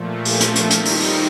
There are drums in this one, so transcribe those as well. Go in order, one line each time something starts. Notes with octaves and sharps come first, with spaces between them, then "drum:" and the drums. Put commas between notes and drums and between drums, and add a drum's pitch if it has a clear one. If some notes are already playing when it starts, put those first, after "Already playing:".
Already playing: A#2 F3 A3
A5, drum: open hi-hat
drum: hi-hat
drum: hi-hat
D#3 G3 C4 D#4 A#5, drum: hi-hat
drum: open hi-hat
drum: open hi-hat